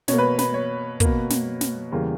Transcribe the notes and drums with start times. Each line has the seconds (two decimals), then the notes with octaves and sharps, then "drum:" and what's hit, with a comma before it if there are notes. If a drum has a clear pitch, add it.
0.08 B2 A#3 C#5, drum: snare
0.18 B4
0.39 B4, drum: snare
0.54 C#5
1.00 B2 A#3, drum: kick, hi-hat
1.30 drum: snare
1.61 drum: snare
1.92 E2 C#3 G3 A#3